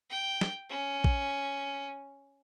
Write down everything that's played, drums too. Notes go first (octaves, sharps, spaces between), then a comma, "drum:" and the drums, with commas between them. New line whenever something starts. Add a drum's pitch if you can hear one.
G5
drum: snare
C#4
drum: kick